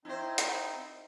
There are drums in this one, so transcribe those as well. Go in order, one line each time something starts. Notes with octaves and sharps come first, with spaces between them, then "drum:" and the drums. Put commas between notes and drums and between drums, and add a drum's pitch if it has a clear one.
C4 D#4 E4 C5
drum: hi-hat